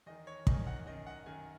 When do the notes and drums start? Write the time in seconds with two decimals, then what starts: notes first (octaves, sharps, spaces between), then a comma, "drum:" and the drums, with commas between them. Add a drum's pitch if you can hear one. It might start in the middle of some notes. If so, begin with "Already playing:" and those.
0.06 E2 D#3 D#5
0.27 C#5
0.47 E2 D#3 D#5, drum: kick
0.67 F#5
0.86 F#2 D#3 D#5
1.07 F#5
1.26 F#2 D#3 G#5